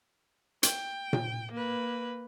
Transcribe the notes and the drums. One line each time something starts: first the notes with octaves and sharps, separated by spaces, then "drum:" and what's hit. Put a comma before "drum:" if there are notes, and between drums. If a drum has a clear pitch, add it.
G5, drum: hi-hat
drum: tom A#2
A#3 B4